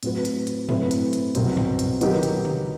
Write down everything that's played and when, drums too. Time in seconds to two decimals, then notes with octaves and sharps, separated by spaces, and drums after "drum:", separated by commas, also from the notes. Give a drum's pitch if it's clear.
0.03 A2 F#3 C4 F#4 B4, drum: hi-hat
0.25 drum: hi-hat
0.47 drum: hi-hat
0.69 F#3 A3 C4 E4 B4, drum: tom
0.91 drum: hi-hat
1.13 drum: hi-hat
1.35 C2 B2 F#3 C4, drum: hi-hat
1.57 drum: tom
1.79 drum: hi-hat
2.01 D#3 F#3 B3 D#4 G4, drum: hi-hat
2.23 drum: hi-hat
2.45 drum: tom